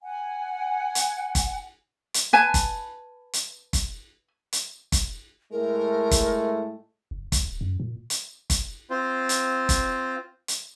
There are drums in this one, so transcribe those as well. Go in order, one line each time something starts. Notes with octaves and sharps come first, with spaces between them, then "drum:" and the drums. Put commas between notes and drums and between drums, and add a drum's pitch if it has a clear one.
F#5 G#5
drum: hi-hat
drum: kick, hi-hat
drum: hi-hat
B4 G#5 A5
drum: kick, hi-hat
drum: hi-hat
drum: kick, hi-hat
drum: hi-hat
drum: kick, hi-hat
A2 G#3 A3 A#4
drum: kick, hi-hat
F#1
D2, drum: kick, hi-hat
D1
F#2
A#2
drum: hi-hat
drum: kick, hi-hat
C4 F4 C5
drum: hi-hat
drum: kick, hi-hat
drum: hi-hat